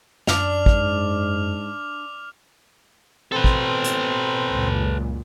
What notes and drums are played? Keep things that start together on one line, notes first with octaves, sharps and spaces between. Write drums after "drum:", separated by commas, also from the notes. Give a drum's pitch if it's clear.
F#2 D4 D6 F6 F7, drum: snare
G#2, drum: kick
B2 C4 A4 B4
drum: kick
drum: hi-hat
C#2 F#2 A#2